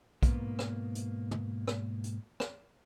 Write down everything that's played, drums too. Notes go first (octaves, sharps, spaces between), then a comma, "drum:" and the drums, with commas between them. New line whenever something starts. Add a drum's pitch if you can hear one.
G#2 B2 A#3 B3, drum: kick B1, hi-hat
drum: rim click
drum: hi-hat
drum: tom
drum: rim click
drum: hi-hat
drum: rim click